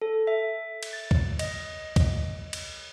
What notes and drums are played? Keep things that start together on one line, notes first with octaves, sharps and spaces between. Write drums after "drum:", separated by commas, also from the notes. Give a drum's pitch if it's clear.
A4
E5
drum: cymbal
A6
drum: kick
D#5, drum: cymbal
drum: kick, cymbal
drum: cymbal